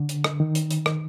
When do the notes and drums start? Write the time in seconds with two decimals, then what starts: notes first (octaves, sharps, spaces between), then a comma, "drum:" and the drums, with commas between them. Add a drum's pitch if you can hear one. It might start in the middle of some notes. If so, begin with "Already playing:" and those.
Already playing: D3
0.09 drum: hi-hat
0.24 drum: rim click
0.40 D#3
0.55 drum: hi-hat
0.71 drum: hi-hat
0.86 drum: rim click